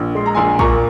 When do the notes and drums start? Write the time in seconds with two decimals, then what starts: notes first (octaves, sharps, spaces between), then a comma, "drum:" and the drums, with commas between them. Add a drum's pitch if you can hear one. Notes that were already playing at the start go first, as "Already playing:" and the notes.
Already playing: A#1
0.15 G#3 C6
0.26 A#5
0.35 A#1 G#5 C6
0.59 A#2 A#5 C#6, drum: kick